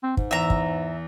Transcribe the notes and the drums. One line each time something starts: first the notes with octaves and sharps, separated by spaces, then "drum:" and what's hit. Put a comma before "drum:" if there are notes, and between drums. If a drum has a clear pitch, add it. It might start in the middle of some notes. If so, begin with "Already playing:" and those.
C4
G#2, drum: kick
E2 E5 A#5
drum: kick